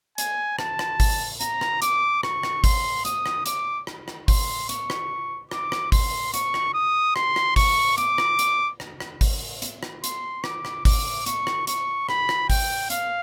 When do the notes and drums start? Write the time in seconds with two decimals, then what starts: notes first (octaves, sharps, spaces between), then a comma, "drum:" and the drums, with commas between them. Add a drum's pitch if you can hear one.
0.18 G#5, drum: hi-hat
0.59 A5, drum: rim click
0.79 drum: rim click
1.00 drum: kick G#1, open hi-hat
1.41 A#5, drum: hi-hat
1.61 drum: rim click
1.82 D6, drum: hi-hat
2.23 C#6, drum: rim click
2.43 drum: rim click
2.64 C6, drum: kick G#1, open hi-hat
3.05 D#6, drum: hi-hat
3.26 drum: rim click
3.46 D6, drum: hi-hat
3.87 drum: rim click
4.08 drum: rim click
4.28 C6, drum: kick G#1, open hi-hat
4.69 C#6, drum: hi-hat
4.90 drum: rim click
5.51 D6, drum: rim click
5.72 drum: rim click
5.92 C6, drum: kick G#1, open hi-hat
6.34 C#6, drum: hi-hat
6.54 drum: rim click
6.74 D#6
7.16 C6, drum: rim click
7.36 drum: rim click
7.56 C#6, drum: kick G#1, open hi-hat
7.98 D6, drum: hi-hat
8.18 drum: rim click
8.39 drum: hi-hat
8.80 drum: rim click
9.00 drum: rim click
9.21 drum: kick G#1, open hi-hat
9.62 drum: hi-hat
9.83 drum: rim click
10.04 C6, drum: hi-hat
10.44 D6, drum: rim click
10.65 drum: rim click
10.85 D6, drum: kick G#1, open hi-hat
11.26 C#6, drum: hi-hat
11.47 drum: rim click
11.67 C#6, drum: hi-hat
12.09 B5, drum: rim click
12.29 drum: rim click
12.50 G5, drum: kick G#1, open hi-hat
12.90 F5, drum: hi-hat